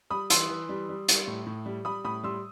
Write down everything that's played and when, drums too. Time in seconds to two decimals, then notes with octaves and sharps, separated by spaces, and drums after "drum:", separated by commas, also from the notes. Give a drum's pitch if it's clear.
0.10 G3 B5 D#6
0.30 E3 C6 E6, drum: hi-hat
0.49 E3
0.69 G3
0.89 G3
1.08 G3, drum: hi-hat
1.27 A2
1.46 A2
1.66 G3
1.85 G3 B5 D#6
2.04 A2 B5 D#6
2.24 G3 C6 E6